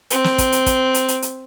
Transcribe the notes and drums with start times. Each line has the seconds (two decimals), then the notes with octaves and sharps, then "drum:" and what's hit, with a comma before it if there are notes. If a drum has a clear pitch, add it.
0.10 C4, drum: hi-hat
0.24 drum: snare
0.38 drum: kick, hi-hat
0.52 drum: hi-hat
0.66 drum: kick, hi-hat
0.94 drum: hi-hat
1.08 drum: hi-hat
1.22 drum: hi-hat